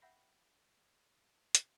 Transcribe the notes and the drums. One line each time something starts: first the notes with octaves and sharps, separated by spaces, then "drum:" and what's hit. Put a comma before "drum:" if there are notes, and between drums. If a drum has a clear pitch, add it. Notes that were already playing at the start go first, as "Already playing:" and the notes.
E5 F#5 G5 B5 A#6 C7
drum: hi-hat